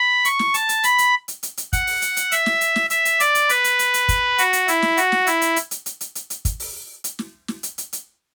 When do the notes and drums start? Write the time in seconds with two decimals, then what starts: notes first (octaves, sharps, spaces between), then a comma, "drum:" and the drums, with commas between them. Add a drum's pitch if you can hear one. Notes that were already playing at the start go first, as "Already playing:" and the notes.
Already playing: B5
0.25 C#6, drum: hi-hat
0.39 drum: snare
0.54 A5, drum: hi-hat
0.69 drum: hi-hat
0.83 B5, drum: hi-hat
0.98 drum: hi-hat
1.28 drum: hi-hat
1.43 drum: hi-hat
1.57 drum: hi-hat
1.73 F#5, drum: kick, hi-hat
1.87 drum: open hi-hat
2.02 drum: hi-hat
2.17 drum: hi-hat
2.32 E5, drum: hi-hat
2.46 drum: snare
2.61 drum: hi-hat
2.76 drum: snare
2.90 E5, drum: hi-hat
3.05 drum: hi-hat
3.20 D5, drum: hi-hat
3.35 drum: hi-hat
3.49 B4, drum: hi-hat
3.64 drum: hi-hat
3.79 drum: hi-hat
3.94 drum: hi-hat
4.09 drum: kick, hi-hat
4.38 F#4, drum: hi-hat
4.53 drum: hi-hat
4.68 E4, drum: hi-hat
4.82 drum: snare
4.97 F#4, drum: hi-hat
5.12 drum: snare
5.27 E4, drum: hi-hat
5.41 drum: hi-hat
5.56 drum: hi-hat
5.71 drum: hi-hat
5.86 drum: hi-hat
6.01 drum: hi-hat
6.15 drum: hi-hat
6.30 drum: hi-hat
6.45 drum: kick, hi-hat
6.60 drum: open hi-hat
7.04 drum: hi-hat
7.19 drum: snare
7.48 drum: snare
7.63 drum: hi-hat
7.78 drum: hi-hat
7.93 drum: hi-hat